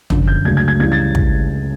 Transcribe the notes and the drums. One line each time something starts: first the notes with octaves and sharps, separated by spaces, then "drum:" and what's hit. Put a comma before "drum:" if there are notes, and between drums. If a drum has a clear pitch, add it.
F#2 D3 F3, drum: tom
G6
C#2 C#3 F#3 A3 D4 G#6
G#6
G#6
C#2 C#3 E3 G3 G#6
A6
drum: kick